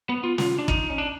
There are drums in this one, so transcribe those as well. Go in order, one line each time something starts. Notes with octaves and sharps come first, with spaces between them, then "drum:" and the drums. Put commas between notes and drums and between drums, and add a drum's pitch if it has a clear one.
B3
F4
F4, drum: snare
D4
D#4, drum: kick
C#4
D4